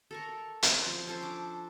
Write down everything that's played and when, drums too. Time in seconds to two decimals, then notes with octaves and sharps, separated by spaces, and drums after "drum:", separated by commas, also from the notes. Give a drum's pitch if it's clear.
0.11 A4 A#4 C#6
0.63 C4, drum: hi-hat
0.86 F3
1.07 C#4 A4 C5
1.21 D4 D6